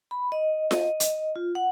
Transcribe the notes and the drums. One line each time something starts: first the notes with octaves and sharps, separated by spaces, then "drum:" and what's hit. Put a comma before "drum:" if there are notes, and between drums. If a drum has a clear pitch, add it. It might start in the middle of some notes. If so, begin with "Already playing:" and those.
B5
D#5
D#5, drum: snare F4
drum: hi-hat
F4
F#5